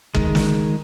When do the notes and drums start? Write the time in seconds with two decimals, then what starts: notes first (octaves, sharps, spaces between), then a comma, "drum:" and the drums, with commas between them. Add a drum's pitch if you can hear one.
0.15 D#3 G#3, drum: kick
0.35 drum: snare